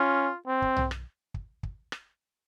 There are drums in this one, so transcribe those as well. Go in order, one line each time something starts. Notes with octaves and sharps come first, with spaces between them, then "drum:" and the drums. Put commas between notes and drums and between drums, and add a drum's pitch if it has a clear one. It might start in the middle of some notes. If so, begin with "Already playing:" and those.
Already playing: C#4 F4
C4
drum: kick
drum: tom B1
drum: rim click
drum: kick
drum: kick
drum: rim click